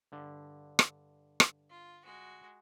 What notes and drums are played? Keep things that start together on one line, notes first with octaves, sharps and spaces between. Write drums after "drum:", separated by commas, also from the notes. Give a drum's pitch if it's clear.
G2 D3
drum: rim click
drum: rim click
F4
G#3 F#4